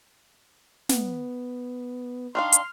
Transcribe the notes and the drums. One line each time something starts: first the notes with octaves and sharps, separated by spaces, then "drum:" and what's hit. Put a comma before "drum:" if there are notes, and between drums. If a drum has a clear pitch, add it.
B3, drum: snare
D#3 D4 F5 C6 F6
drum: hi-hat